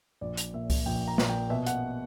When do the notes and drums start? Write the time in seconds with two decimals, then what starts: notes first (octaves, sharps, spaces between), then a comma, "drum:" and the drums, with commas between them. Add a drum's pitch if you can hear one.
0.21 A#1 D5
0.37 drum: hi-hat
0.53 A#2 E5
0.70 drum: kick C2, open hi-hat
0.86 A#1 G5
1.08 A#5
1.18 A#2, drum: snare
1.30 G5
1.50 B2 E5
1.67 F#5, drum: hi-hat